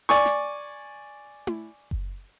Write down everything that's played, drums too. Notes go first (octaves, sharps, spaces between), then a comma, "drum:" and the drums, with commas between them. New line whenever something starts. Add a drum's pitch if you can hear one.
D5 G#5 C#6, drum: snare
drum: snare
drum: tom E4
drum: kick F#1